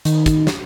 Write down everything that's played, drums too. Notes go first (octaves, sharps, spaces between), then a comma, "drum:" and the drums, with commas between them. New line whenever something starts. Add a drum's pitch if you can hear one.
D#3, drum: hi-hat
drum: kick, hi-hat
drum: snare